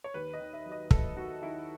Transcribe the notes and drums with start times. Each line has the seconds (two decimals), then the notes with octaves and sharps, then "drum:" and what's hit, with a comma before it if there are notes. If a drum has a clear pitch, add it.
0.04 C#5
0.14 D#2 B4
0.33 D#5
0.40 D#3
0.53 E5
0.66 F#3
0.72 D#5
0.91 D#2 A4, drum: kick
1.16 D#2 F#4
1.42 D#3 E4